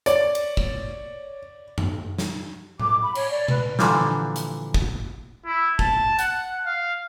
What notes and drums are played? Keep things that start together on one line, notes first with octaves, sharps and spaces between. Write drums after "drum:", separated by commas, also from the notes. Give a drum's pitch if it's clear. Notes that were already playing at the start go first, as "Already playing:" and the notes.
C#5 D5, drum: hi-hat
drum: cymbal
drum: kick
drum: tom F#2
drum: snare
D6, drum: tom A2
B5
C#5, drum: cymbal
D5
B4, drum: tom B2
A#2 D3 E3 F3 G3, drum: snare
drum: hi-hat
drum: kick
E4
A5, drum: kick
F#5, drum: hi-hat
F5